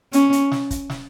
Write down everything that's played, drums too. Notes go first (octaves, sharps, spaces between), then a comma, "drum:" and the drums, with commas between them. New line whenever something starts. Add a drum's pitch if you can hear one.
C#4, drum: hi-hat
drum: hi-hat
drum: snare
drum: kick, hi-hat
drum: snare